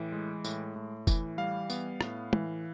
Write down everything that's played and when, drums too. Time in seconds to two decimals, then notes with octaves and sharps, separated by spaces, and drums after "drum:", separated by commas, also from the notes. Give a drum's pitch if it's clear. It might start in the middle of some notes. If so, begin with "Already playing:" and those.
Already playing: A2 E3
0.12 G#3
0.44 A2, drum: tambourine
0.76 A2
1.07 E3, drum: kick F1, tambourine
1.38 G3 F5
1.70 B3, drum: tambourine
2.01 A2, drum: rim click
2.33 E3, drum: tom